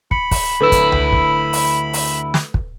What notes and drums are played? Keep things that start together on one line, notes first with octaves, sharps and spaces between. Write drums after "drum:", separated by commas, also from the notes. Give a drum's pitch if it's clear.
B5 C#7, drum: kick
drum: kick, open hi-hat
D2 E4 A4 B4 E6
drum: kick, hi-hat
drum: tom C#2
drum: kick
drum: open hi-hat
drum: open hi-hat
drum: snare
drum: kick